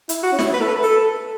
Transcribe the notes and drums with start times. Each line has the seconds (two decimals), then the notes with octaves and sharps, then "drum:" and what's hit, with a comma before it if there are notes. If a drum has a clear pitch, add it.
0.09 E4, drum: hi-hat
0.23 F#4
0.32 C#4
0.39 E4, drum: snare
0.54 B4
0.61 A4
0.68 B4
0.83 A4